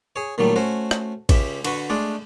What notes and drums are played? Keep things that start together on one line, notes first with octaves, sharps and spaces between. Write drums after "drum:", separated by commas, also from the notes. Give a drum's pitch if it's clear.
G#4 C#5
A#2 D#3 F#3 G3 A3
A3 C#4 F#4 C5
drum: rim click
C#2 G4 E5, drum: kick A1, cymbal
D3 F#4 B4 C#6, drum: cymbal
G#3 A3 D4 D5